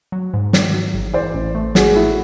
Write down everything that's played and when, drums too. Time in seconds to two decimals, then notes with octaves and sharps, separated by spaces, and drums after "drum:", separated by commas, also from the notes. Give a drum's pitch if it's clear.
0.12 F#3
0.34 G#2
0.53 D#3, drum: snare
0.74 F#3
0.94 G#1
1.14 E3 C5 D5
1.34 A1
1.55 A3
1.75 A1 F#4 G#4, drum: snare
1.95 A3 E4 F#4